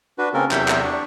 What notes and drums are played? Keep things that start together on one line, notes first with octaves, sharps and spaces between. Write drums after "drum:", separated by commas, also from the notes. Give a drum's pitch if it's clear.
D4 F#4 B4
C#3 A#3 C4 C#4 A4 A#4
E2 C3 F#3 E5 G5 G6, drum: clap
drum: clap
D4 C#6